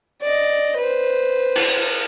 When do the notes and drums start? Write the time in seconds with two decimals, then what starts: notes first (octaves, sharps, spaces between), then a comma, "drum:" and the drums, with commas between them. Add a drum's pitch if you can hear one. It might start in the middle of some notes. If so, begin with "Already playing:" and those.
0.22 D5 D#5
0.77 B4 C5
1.55 drum: cymbal